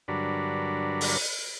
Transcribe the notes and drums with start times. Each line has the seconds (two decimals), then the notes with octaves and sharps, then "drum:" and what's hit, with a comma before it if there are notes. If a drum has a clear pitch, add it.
0.08 G2 D3 F#3 D4 A#4 B4
1.01 drum: open hi-hat